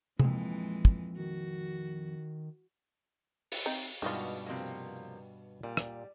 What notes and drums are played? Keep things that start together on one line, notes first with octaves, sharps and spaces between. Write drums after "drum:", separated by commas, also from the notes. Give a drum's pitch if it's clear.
F2 A#2 E3 G#3, drum: tom C3
drum: kick
D#3 F#4
drum: open hi-hat
C4 D#4
G2 B2 D#3 G3 G#3 F4 F#4
C3 F3 A#3
A#2 G3
drum: rim click